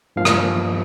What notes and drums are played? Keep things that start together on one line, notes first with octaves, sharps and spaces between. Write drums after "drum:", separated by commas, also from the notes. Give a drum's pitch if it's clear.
G2 F3 A#3 F5
drum: rim click